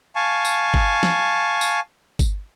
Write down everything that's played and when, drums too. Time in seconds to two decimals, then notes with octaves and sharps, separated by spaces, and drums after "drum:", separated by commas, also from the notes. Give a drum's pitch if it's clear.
0.16 F5 G#5 A5 C#6
0.45 drum: tambourine
0.74 drum: kick G1
1.03 drum: snare
1.61 drum: tambourine
2.19 drum: kick G1, tambourine